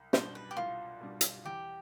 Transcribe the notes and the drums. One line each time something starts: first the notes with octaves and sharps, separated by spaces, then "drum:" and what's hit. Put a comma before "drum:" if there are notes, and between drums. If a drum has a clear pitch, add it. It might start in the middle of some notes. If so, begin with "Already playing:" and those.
Already playing: C2
B2 G3 D4 C5, drum: snare
B4
G4
C2 F4
B2 G3 D4
drum: hi-hat
E2 G4